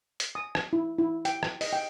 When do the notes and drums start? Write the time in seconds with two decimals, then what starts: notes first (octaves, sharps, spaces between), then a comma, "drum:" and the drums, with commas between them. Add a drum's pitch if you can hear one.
0.20 drum: hi-hat
0.35 D#6
0.55 drum: rim click
0.73 E4
0.98 E4
1.25 G5, drum: hi-hat
1.43 drum: rim click
1.61 D#5, drum: open hi-hat
1.73 G5